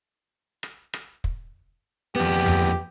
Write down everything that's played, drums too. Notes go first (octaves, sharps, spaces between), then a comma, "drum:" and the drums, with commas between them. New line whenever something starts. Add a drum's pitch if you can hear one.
drum: rim click
drum: rim click
drum: kick
F2 B3 G4
drum: tom F2